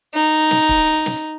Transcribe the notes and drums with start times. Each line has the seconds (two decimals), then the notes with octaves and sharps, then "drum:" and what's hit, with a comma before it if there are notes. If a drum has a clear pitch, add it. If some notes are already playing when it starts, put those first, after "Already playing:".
0.14 D#4
0.51 drum: snare
0.69 drum: kick
1.06 drum: snare